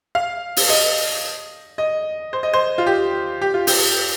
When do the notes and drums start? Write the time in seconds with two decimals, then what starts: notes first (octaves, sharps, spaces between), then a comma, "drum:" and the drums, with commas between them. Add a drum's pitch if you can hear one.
0.15 F5
0.57 drum: open hi-hat
0.69 D#5
1.78 D#5
2.33 C5
2.43 D#5
2.53 C5
2.78 F4
2.87 G4
3.42 G4
3.54 F4
3.67 G4, drum: open hi-hat